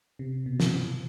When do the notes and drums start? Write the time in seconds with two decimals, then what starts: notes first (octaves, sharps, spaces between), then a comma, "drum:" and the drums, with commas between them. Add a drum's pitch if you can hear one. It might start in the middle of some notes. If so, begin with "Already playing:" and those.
0.19 C3
0.46 B2
0.60 drum: snare